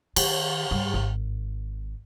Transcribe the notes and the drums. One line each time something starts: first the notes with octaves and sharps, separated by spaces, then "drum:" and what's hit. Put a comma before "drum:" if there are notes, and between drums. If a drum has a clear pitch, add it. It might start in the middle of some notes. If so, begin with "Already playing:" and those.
D#3, drum: cymbal
G2
G#1